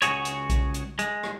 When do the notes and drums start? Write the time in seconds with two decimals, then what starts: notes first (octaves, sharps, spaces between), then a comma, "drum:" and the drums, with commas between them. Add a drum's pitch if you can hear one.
0.02 C#2 G2 F#4 G#4 C#5, drum: hi-hat
0.25 drum: hi-hat
0.50 drum: kick B1, hi-hat
0.74 drum: hi-hat
0.99 G#3, drum: hi-hat
1.23 drum: rim click